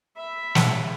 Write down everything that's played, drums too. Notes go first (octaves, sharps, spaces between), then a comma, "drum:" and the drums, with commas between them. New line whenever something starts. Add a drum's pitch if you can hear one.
E5 B5
drum: snare